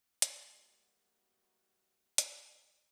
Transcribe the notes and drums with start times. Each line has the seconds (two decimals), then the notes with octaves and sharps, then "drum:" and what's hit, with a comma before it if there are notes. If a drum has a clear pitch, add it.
0.22 F#3 G3 A#3 B3 D#4 F#4, drum: hi-hat
2.18 drum: hi-hat